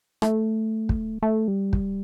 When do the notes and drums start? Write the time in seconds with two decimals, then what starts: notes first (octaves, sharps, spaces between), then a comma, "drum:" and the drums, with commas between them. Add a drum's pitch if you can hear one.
0.22 A3, drum: rim click
0.89 drum: kick
1.22 A3
1.48 G3
1.73 drum: kick